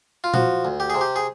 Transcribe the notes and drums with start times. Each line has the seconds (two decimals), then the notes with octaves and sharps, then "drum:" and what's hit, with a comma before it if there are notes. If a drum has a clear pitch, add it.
0.24 F4
0.34 F3 F#4, drum: tom A#2
0.65 D2
0.80 G4
0.90 C3 G#4
1.01 G4
1.16 G#4